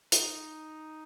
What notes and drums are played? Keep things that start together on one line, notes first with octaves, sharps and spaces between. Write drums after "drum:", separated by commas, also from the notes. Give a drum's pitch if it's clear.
D#4, drum: hi-hat